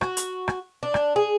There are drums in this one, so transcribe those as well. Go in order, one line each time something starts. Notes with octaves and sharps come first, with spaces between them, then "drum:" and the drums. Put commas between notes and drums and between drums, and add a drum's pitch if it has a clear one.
F#4, drum: rim click
drum: hi-hat
drum: rim click
D4
drum: rim click
G#4